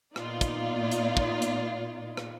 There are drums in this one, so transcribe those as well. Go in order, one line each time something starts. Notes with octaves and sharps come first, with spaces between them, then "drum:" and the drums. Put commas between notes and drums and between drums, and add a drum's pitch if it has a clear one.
A#2 B3 D#4 F4 D5, drum: rim click
drum: kick, hi-hat
drum: hi-hat
drum: kick
drum: hi-hat
drum: rim click